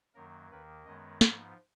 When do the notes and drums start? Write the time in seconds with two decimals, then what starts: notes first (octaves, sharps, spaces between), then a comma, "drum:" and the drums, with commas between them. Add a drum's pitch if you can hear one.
0.14 F#2 D#3 F#3 A#3 A#4
0.50 D#2 D#3 A#3 B4
0.86 F#2 D#3 G#3 B3 D#5
1.21 G#2 F3 B3, drum: snare